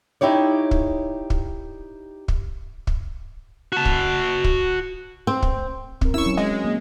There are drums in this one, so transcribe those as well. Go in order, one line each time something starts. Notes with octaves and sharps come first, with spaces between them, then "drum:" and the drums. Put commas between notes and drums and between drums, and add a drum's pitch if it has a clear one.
D#4 E4 G4 C#5 D5
drum: kick
drum: kick
drum: kick
drum: kick
F#4 A5
drum: kick
drum: kick
C4
drum: kick
C4 A#4, drum: kick
C#4 E4 C#6 E6
F#3
G#3 D#5
A#3